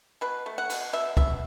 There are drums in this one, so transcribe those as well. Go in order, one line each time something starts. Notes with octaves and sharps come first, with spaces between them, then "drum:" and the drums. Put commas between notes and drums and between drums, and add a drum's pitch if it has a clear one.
B2 B4
A3
F#5
B2, drum: cymbal
B2 E5
B2 E5, drum: kick